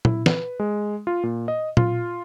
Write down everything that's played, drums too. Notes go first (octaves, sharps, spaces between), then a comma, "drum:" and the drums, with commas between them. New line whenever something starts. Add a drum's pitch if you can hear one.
E4, drum: tom A#2
B4, drum: snare
G#3
F4
A#2
D#5
F4, drum: tom A#2